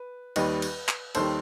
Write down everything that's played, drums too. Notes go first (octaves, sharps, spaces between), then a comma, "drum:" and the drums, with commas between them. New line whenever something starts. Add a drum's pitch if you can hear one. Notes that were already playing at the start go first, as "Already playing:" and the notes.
Already playing: B4
D#2 D#3 G3 B4 D#5, drum: cymbal
drum: cymbal
drum: clap
D#2 D#3 G3 A4 C5, drum: cymbal